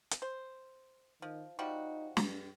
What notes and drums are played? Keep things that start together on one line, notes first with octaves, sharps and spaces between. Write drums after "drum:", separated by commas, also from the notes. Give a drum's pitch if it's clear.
drum: hi-hat
C5
D#3 F3
F3 G3 D#4 F#4
G2, drum: snare